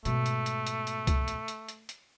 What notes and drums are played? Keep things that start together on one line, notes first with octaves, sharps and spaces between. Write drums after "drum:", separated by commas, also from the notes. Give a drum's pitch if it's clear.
G#2 B2 A3, drum: hi-hat
drum: hi-hat
drum: hi-hat
drum: hi-hat
drum: hi-hat
drum: kick C2, hi-hat
drum: hi-hat
drum: hi-hat
drum: hi-hat
drum: hi-hat